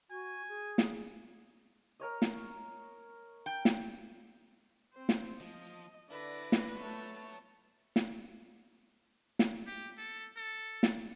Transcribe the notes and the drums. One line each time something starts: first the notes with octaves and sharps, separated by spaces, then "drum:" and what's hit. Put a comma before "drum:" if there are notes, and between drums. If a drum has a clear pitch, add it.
F#4 G#5
G#4
drum: snare
A#4 C#5 D#5
drum: snare
G5
drum: snare
C4 C5
drum: snare
F3 D#5
D3 E4 B4 D5 A#6
drum: snare
A3 F#4 C#5 A5
drum: snare
drum: snare
G4
A4
A4
drum: snare